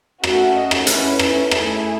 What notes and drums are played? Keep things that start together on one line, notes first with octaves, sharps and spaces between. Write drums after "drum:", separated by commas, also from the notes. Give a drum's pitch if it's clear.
A3 C#4 F#4 E5, drum: rim click
D#5
drum: rim click
C#4 E4 A4 B4, drum: hi-hat
drum: rim click
A3 E4 G#4 A4, drum: rim click